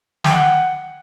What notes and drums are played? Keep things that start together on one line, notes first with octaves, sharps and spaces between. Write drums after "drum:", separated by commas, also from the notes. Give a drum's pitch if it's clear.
G5, drum: snare
F#5